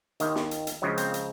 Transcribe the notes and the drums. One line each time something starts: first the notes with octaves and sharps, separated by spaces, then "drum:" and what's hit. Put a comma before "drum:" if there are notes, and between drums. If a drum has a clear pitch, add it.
D#2 D#3, drum: hi-hat
drum: snare
drum: hi-hat
drum: hi-hat
C#2 C#3 F3 F#3
C4, drum: hi-hat
drum: hi-hat